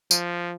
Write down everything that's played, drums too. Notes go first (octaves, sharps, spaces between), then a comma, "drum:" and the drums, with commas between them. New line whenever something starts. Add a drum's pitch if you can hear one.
F3, drum: tambourine